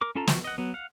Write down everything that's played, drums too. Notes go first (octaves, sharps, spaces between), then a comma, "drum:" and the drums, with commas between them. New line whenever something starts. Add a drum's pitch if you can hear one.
A#4 D6
C#4 F4 A4 A5 A#5
F3 F#4, drum: snare
D#5 F#5
F#3 B3
F5 F#5